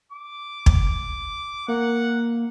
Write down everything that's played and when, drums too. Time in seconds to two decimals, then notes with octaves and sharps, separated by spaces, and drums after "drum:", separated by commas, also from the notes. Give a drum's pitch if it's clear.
0.12 D6
0.66 drum: kick
1.68 A#3 F#5